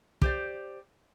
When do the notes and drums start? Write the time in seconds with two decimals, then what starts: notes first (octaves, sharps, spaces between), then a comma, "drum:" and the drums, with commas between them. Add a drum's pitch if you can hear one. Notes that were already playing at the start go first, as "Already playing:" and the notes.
0.22 G4 C5 D5, drum: kick